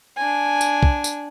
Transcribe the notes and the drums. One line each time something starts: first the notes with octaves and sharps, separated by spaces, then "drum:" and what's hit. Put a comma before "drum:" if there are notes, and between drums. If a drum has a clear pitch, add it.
D4 G#5
drum: tambourine
drum: kick
drum: tambourine